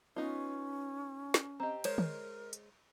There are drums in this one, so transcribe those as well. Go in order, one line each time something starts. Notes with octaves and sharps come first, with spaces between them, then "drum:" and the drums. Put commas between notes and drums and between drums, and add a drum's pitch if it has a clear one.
B3 C#4 D#4 F4
drum: snare
C4 G4 D#5 A#5
G#3 A#4 C5 C#5, drum: cymbal
drum: tom
drum: hi-hat